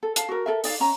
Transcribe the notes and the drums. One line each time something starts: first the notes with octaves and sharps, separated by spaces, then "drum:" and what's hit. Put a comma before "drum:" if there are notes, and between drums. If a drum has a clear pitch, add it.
A4
F5 A5, drum: hi-hat
F#4 A#4
A4 A#4 E5
D#4 D5 F5, drum: open hi-hat
C#4 A#5